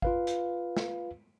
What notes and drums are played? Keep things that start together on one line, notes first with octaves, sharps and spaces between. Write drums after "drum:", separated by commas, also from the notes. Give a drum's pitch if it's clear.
F4 B4 F5, drum: kick G#1
drum: hi-hat
drum: snare